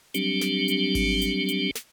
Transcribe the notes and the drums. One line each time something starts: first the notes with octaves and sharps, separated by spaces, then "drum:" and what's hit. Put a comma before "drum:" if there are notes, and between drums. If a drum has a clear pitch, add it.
F#3 G3 C4 D4 G4, drum: hi-hat
drum: snare
drum: hi-hat
drum: kick G#1, open hi-hat
drum: hi-hat
drum: hi-hat
drum: snare